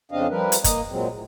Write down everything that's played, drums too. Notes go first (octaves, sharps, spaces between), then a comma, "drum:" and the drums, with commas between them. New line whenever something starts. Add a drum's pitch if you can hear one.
F2 C#3 C4 D4 D#5 F5
F3 G3 A#4 B4
drum: hi-hat
A#3 D#5 A#5, drum: kick, hi-hat
A#2 F#3 G#3 C4
A2